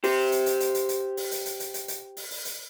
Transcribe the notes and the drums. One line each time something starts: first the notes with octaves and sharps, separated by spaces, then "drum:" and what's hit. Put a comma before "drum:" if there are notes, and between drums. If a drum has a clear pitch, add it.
G4 C5, drum: open hi-hat
drum: hi-hat
drum: hi-hat
drum: hi-hat
drum: hi-hat
drum: hi-hat
drum: open hi-hat
drum: hi-hat
drum: hi-hat
drum: hi-hat
drum: hi-hat
drum: hi-hat
drum: open hi-hat
drum: open hi-hat
drum: hi-hat